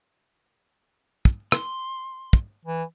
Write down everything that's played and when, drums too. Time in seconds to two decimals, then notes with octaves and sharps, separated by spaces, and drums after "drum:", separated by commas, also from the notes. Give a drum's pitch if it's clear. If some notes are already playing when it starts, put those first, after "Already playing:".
1.25 drum: kick
1.52 C6, drum: rim click
2.33 drum: kick
2.65 E3